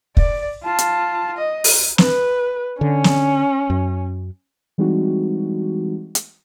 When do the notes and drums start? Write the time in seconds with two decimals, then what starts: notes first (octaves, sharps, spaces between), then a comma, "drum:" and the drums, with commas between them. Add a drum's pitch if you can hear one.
0.17 D5, drum: kick
0.63 F4 A5
0.79 drum: hi-hat
1.37 D#5
1.64 drum: open hi-hat
1.98 B4, drum: snare
2.81 D3 C#4
3.04 drum: snare
3.70 F#2
4.78 E3 G3 G#3 C4 D#4 F#4
6.15 drum: hi-hat